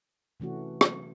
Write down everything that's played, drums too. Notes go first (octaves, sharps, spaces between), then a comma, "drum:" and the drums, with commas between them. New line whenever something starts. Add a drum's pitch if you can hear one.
C3 E3 A3 C#4 F#4
drum: rim click